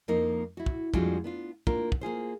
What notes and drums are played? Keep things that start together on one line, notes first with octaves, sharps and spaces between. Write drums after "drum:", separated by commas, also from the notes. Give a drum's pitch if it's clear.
F2 F3 A#3 D#4 F4 A#4
E4 F#4
drum: kick
F2 G3 G#3 D4 F4 F#4, drum: kick
B3 D4 F4
A#3 D4 F4 A#4, drum: kick
drum: kick
A#3 F4 G#4 C5